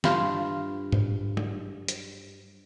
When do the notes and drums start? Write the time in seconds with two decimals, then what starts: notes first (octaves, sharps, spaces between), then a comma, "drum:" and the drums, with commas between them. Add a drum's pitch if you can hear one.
0.04 G2 F4, drum: snare
0.92 drum: tom G#2
1.37 drum: tom F#3
1.88 drum: hi-hat